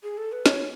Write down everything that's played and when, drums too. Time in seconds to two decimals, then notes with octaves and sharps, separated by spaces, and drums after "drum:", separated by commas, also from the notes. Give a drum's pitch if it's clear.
0.03 G#4
0.18 A4
0.32 B4
0.46 C#5, drum: snare